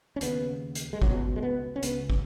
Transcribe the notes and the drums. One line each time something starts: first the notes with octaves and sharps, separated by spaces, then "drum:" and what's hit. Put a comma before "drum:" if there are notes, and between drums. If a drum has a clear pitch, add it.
C#4
D#2 C#3 B3, drum: hi-hat
drum: hi-hat
G#3
C#2 B2 F#3, drum: kick
G#3
B3
C#4
C#2 C#3 B3, drum: hi-hat
drum: kick